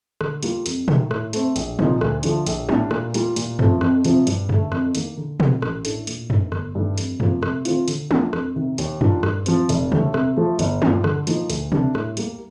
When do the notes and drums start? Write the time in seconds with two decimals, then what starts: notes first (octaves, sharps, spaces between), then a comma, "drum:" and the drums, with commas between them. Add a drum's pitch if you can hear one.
0.21 D3, drum: rim click
0.43 G3 A#3 F4, drum: hi-hat
0.66 F2, drum: hi-hat
0.88 D#3 A3, drum: tom
1.11 A2, drum: rim click
1.33 A3 C4, drum: hi-hat
1.56 A#1, drum: hi-hat
1.79 A#2 F3 C4 D#4, drum: tom
2.01 D2, drum: rim click
2.23 D3 F3 A3 D4, drum: hi-hat
2.46 A#1, drum: hi-hat
2.69 A2 G3 D4, drum: tom
2.91 A#2, drum: rim click
3.14 G3 A#3 F4, drum: hi-hat
3.36 A#2, drum: hi-hat
3.59 F3 A3 C4, drum: tom
3.81 F2, drum: rim click
4.04 C3 F3 C4, drum: hi-hat
4.27 G2, drum: hi-hat
4.49 D3 A3, drum: tom
4.72 F2, drum: rim click
4.95 D#3 A#3, drum: hi-hat
5.17 D3
5.40 F3 C4, drum: tom
5.62 A1, drum: rim click
5.85 A2 A3 D4 A4, drum: hi-hat
6.07 A#2, drum: hi-hat
6.30 A3 D#4, drum: tom
6.52 G1, drum: rim click
6.75 G2 D#3 A3 D4
6.98 F2, drum: hi-hat
7.20 C3 F3 A#3, drum: tom
7.43 C3, drum: rim click
7.65 D#3 A3 C4 F4, drum: hi-hat
7.88 D3, drum: hi-hat
8.11 F3 A#3 D4, drum: tom
8.33 F2, drum: rim click
8.56 C3 D#3
8.78 D#2, drum: hi-hat
9.01 D#3 G3 D4 F4, drum: tom
9.23 G2, drum: rim click
9.46 F3 C4, drum: hi-hat
9.69 F1, drum: hi-hat
9.92 D#2 D3 A3 D4, drum: tom
10.14 C3, drum: rim click
10.36 F3 A3
10.59 G1, drum: hi-hat
10.82 G2 F3, drum: tom
11.04 D3, drum: rim click
11.27 F3 A#3 D#4, drum: hi-hat
11.50 D2, drum: hi-hat
11.72 C3 G3 D4, drum: tom
11.95 A2, drum: rim click
12.17 G3 A#3, drum: hi-hat